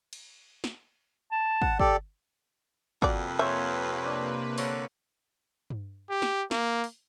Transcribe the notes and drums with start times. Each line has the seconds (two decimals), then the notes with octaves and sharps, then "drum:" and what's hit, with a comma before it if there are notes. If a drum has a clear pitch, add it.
0.13 drum: cymbal
0.64 drum: snare
1.32 A5
1.62 F#5, drum: kick
1.79 G4 A4 D5, drum: kick
3.02 F2 C3 A#3 F#4 B4 D5, drum: kick
3.39 C5 C#5 E5 G#5
4.06 D4
4.58 D3 C#5, drum: open hi-hat
5.70 drum: tom G2
6.10 G4
6.22 drum: snare
6.51 A#3, drum: snare
6.84 drum: open hi-hat